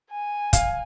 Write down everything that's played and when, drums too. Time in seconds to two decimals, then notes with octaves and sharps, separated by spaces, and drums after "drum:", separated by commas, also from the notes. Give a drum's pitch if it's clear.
0.11 G#5
0.53 F5, drum: kick, hi-hat